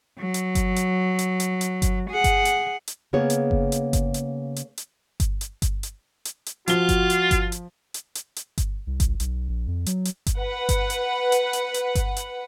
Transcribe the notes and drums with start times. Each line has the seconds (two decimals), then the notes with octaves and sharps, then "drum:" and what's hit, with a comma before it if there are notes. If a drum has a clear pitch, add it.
0.18 F#3
0.34 drum: hi-hat
0.55 drum: kick G1, hi-hat
0.76 drum: hi-hat
1.19 drum: hi-hat
1.40 drum: hi-hat
1.61 drum: hi-hat
1.82 drum: kick G1, hi-hat
2.10 G#4 F#5
2.24 drum: kick G1, hi-hat
2.45 drum: hi-hat
2.87 drum: hi-hat
3.13 C#3 A#3 B3 G#4 C#5
3.30 drum: hi-hat
3.51 drum: kick G1
3.72 drum: hi-hat
3.93 drum: kick G1, hi-hat
4.14 drum: hi-hat
4.56 drum: hi-hat
4.78 drum: hi-hat
5.20 drum: kick G1, hi-hat
5.41 drum: hi-hat
5.62 drum: kick G1, hi-hat
5.83 drum: hi-hat
6.25 drum: hi-hat
6.46 drum: hi-hat
6.68 F3 F4 F#4 G7, drum: hi-hat
6.89 drum: kick G1, hi-hat
7.10 drum: hi-hat
7.31 drum: kick G1, hi-hat
7.52 drum: hi-hat
7.94 drum: hi-hat
8.15 drum: hi-hat
8.36 drum: hi-hat
8.58 drum: kick G1, hi-hat
8.87 C2
9.00 drum: kick G1, hi-hat
9.20 B1, drum: hi-hat
9.49 A#1
9.67 F2
9.86 F#3, drum: hi-hat
10.05 drum: hi-hat
10.26 drum: kick G1, hi-hat
10.40 B4 F#5
10.69 drum: kick G1, hi-hat
10.90 drum: hi-hat
11.32 drum: hi-hat
11.53 drum: hi-hat
11.74 drum: hi-hat
11.95 drum: kick G1, hi-hat
12.16 drum: hi-hat